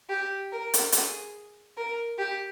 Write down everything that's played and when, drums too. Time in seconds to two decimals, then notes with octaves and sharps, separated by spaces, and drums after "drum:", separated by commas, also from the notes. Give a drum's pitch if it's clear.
0.09 G4
0.52 A#4
0.74 drum: hi-hat
0.92 G#4, drum: hi-hat
1.77 A#4
2.18 G4